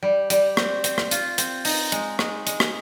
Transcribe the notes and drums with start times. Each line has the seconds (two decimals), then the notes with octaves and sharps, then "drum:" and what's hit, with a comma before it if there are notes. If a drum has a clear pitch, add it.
0.03 G3
0.30 G3, drum: hi-hat
0.57 C4, drum: rim click
0.84 C4, drum: hi-hat
0.98 drum: rim click
1.11 F4, drum: hi-hat
1.38 C4, drum: hi-hat
1.65 D#4, drum: open hi-hat
1.92 G#3, drum: hi-hat
2.19 G#3, drum: rim click
2.47 G#3, drum: hi-hat
2.60 drum: rim click